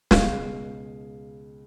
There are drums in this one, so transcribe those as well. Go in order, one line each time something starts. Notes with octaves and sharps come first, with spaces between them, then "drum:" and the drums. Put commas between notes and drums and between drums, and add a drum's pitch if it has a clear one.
C#2 B2 G#3 F5, drum: snare